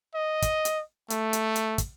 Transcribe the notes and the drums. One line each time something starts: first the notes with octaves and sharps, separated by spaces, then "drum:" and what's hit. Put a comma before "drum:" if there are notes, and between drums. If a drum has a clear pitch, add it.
D#5
drum: kick, hi-hat
drum: hi-hat
A3, drum: hi-hat
drum: hi-hat
drum: hi-hat
drum: kick, hi-hat